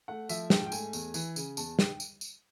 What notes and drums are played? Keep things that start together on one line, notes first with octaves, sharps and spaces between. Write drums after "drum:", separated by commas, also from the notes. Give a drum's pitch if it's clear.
A3 F#5
F3 E5, drum: tambourine
G#2 G5, drum: snare
G5
A3 G#5, drum: tambourine
E2, drum: tambourine
E3, drum: tambourine
C#3, drum: tambourine
E2 A5, drum: tambourine
G5, drum: snare
drum: tambourine
drum: tambourine